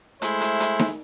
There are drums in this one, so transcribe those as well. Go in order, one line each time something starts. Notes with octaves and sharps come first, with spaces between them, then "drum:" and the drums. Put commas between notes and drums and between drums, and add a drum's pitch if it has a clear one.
G#3 A3 E4 C5, drum: hi-hat
drum: hi-hat
drum: hi-hat
drum: snare D#4